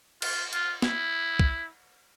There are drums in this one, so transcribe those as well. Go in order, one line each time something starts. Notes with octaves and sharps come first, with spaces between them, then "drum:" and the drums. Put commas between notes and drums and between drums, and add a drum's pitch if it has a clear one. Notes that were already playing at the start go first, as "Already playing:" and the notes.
F4, drum: cymbal
F4, drum: hi-hat
E4, drum: snare
drum: kick C2